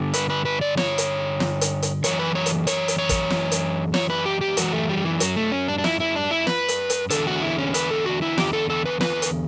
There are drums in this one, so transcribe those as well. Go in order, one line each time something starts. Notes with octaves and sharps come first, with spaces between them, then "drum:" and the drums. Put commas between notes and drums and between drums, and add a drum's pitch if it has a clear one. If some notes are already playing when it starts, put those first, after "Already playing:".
Already playing: G2 D3
B4, drum: hi-hat
B4
B4
D5
C#5, drum: snare
drum: hi-hat
drum: snare
drum: hi-hat
drum: hi-hat
F#2 E3 C#5, drum: hi-hat
B4
C#5
drum: hi-hat
C#5, drum: hi-hat
drum: hi-hat
C#5
drum: kick, hi-hat
drum: snare
drum: hi-hat
C#5, drum: snare
B4
G4
G4
F#2 E3 F#4, drum: hi-hat
A3
G3
E3
F#3, drum: hi-hat
A3
C#4
D4
D4
E4, drum: snare
E4
D4
E4
B4, drum: snare
drum: hi-hat
drum: hi-hat
E2 D3 A4, drum: hi-hat
F#4
E4
C#4
B4, drum: hi-hat
A4
F#4
E4
G4, drum: snare
A4
A4
B4
B4, drum: snare
drum: hi-hat